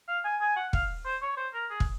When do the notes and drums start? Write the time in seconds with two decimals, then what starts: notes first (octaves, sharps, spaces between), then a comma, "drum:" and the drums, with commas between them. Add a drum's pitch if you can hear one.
0.08 F5
0.24 G#5
0.41 G#5
0.56 F#5
0.73 F5, drum: kick
1.05 C5
1.22 C#5
1.37 C5
1.54 A#4
1.70 G#4
1.80 drum: kick